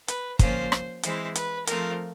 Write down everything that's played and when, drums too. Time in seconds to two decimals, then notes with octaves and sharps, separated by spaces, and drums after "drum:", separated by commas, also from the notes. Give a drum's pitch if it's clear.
0.08 B4, drum: hi-hat
0.39 F3 A#3 C#4 F4 C5, drum: kick, hi-hat
0.72 drum: rim click
1.03 E3 G#3 C4 E4 C5, drum: hi-hat
1.35 B4, drum: hi-hat
1.67 F3 A3 C4 F4 A#4, drum: hi-hat